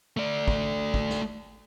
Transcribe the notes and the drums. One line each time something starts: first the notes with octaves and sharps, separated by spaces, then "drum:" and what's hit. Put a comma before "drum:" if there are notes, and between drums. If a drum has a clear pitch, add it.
A3 D5
drum: kick
drum: kick
drum: snare